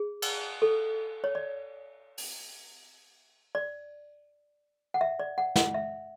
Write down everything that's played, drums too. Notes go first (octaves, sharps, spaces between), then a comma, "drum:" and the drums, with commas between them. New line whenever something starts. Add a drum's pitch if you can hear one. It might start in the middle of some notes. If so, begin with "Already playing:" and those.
Already playing: G#4
drum: cymbal
A4
C#5
D5
drum: open hi-hat
D5
F#5
E5
D5
F#5
F#5, drum: snare
E5